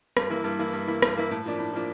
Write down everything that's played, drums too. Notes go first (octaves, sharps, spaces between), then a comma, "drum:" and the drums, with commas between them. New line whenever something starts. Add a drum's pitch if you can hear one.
G2, drum: rim click
E3 A#3 E4
G2
E3 A#3 E4
G2
E3 A#3 E4
G2, drum: rim click
E3 A#3 E4
A2
F3 A#3 D4
A2
F3 A#3 D4